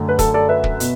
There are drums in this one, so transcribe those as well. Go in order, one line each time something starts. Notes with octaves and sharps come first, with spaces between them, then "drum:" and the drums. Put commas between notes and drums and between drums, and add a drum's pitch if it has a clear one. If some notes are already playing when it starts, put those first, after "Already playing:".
Already playing: F#2 D3 A3
B4
A4, drum: kick, hi-hat
A4 D5
B4 E5
drum: kick
B2, drum: hi-hat